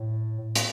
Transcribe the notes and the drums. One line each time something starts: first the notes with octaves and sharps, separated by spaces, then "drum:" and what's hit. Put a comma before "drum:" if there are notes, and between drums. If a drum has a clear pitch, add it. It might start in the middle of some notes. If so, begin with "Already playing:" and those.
Already playing: A2
A2
drum: hi-hat